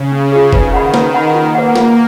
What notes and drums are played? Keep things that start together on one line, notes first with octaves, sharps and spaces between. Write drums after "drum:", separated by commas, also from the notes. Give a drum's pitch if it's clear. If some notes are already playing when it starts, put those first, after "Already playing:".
Already playing: C#3
C#4
F4 G#4
D#3 B4, drum: kick
F#5 B5
B4, drum: snare
F#5 B5
A#3 F4
B4 F#5
F4, drum: snare